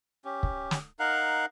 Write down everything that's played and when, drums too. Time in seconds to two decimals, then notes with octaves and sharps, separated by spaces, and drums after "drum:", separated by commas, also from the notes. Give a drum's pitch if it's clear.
0.25 C#4 G4
0.43 drum: kick
0.71 drum: snare
0.99 D#4 A#4 F5 F#5